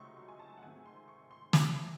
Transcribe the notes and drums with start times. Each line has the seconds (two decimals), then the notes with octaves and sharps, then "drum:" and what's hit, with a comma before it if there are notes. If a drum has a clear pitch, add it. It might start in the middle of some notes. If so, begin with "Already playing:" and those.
Already playing: C#2 C3 F#3 A3 D#4 C6 C#6
0.17 C6
0.28 G#5
0.39 A5
0.58 F#5
0.62 G#2 D#3 A3 C4 G#5
0.86 C6
1.08 C#6
1.31 C6
1.53 A2 F#3 C4 E4 A5, drum: snare